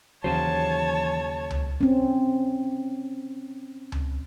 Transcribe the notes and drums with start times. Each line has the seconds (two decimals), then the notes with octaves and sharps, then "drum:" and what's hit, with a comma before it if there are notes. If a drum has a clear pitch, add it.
0.24 D#2 C#3 E3 F#3 C5 C#5 A5
1.50 drum: tom C#2
1.81 C4 C#4
3.92 drum: tom C#2